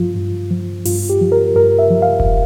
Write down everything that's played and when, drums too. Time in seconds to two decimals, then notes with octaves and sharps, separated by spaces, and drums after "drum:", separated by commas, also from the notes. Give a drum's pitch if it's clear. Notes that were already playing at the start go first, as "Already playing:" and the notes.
Already playing: G2 F3 F4
0.15 G2
0.50 F3
0.85 G2 F4, drum: open hi-hat
1.10 G4
1.21 F3
1.32 A#4
1.56 G2 A#4
1.79 E5
1.90 F3
2.02 F5
2.20 drum: kick E1